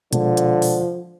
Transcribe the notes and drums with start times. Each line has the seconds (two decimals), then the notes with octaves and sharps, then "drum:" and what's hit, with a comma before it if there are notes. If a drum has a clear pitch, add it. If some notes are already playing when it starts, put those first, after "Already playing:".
0.13 B2 D3 F3 G#3, drum: hi-hat
0.37 drum: hi-hat
0.62 drum: open hi-hat